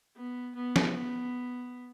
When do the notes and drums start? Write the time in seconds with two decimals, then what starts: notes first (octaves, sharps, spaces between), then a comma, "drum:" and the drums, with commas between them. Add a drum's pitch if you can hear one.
0.15 B3
0.55 B3
0.76 drum: snare
0.95 B3